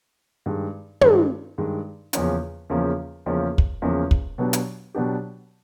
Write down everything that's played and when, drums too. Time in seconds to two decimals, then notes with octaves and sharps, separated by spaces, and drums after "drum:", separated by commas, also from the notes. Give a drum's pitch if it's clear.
0.46 G2 D#3 G#3
1.01 G2 D#3 G#3, drum: tom
1.58 G2 D#3 G#3
2.13 E2 C#3 F3 A#3 C#4, drum: hi-hat
2.70 E2 C#3 F3 A#3 C#4
3.26 E2 C#3 F3 A#3 C#4
3.58 drum: kick
3.82 E2 C#3 F3 A#3 C#4
4.11 drum: kick
4.38 B2 F#3 B3 D4 G4
4.53 drum: hi-hat
4.95 B2 F#3 B3 D4 G4